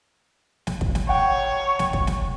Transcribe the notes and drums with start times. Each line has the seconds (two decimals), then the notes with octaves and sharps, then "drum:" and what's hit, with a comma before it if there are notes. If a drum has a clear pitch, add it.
0.67 drum: snare
0.81 drum: kick
0.95 drum: snare
1.09 C#5 F#5 G5
1.79 drum: snare
1.93 drum: kick
2.07 drum: snare